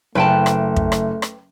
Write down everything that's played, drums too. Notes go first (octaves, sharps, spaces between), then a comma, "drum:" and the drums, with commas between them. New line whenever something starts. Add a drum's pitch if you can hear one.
F#1 A3 B4 G5 A5
drum: rim click
drum: kick
drum: rim click
drum: rim click